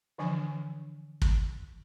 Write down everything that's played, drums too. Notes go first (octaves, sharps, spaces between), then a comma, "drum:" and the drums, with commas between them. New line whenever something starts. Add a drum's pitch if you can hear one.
D3 E3 F3 D4 G#5
drum: kick